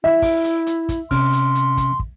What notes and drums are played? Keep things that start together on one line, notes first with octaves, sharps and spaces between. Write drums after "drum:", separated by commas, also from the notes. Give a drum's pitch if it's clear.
E4 E5
drum: kick, open hi-hat
drum: hi-hat
drum: hi-hat
drum: kick, hi-hat
C3 C#4 C6 F6, drum: kick, open hi-hat
drum: hi-hat
drum: hi-hat
drum: kick, hi-hat
drum: kick